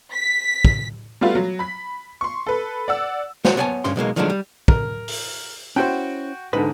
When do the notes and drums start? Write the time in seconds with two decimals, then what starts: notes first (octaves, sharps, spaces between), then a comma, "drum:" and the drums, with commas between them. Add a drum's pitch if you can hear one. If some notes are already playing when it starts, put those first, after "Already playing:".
0.12 B6
0.65 drum: kick
1.21 G3 A3 B3 F4 F#4
1.35 F#3
1.59 B5 B6
2.21 C6 C#6
2.46 A4 B4
2.88 D5 F#5 E6
3.45 F#4 C5 C#5 F#5, drum: snare
3.57 B3 C#5 D5 F#5 G#5 A5
3.84 C#2 G2 C#4 C6, drum: rim click
3.96 B1 B2 G#3 A#3
4.16 D#3 F3 F#3 G#3 A3 D4
4.30 G3
4.68 A#4, drum: kick
5.08 drum: open hi-hat
5.76 C#4 E4 F#4 C5 G5
6.53 C2 G#2 D3 B4 B5